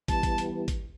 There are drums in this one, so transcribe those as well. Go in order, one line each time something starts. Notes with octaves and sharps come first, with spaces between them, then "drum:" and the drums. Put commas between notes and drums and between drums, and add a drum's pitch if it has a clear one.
E3 G3 B3 A5, drum: kick, hi-hat
drum: kick, hi-hat
drum: hi-hat
drum: kick, hi-hat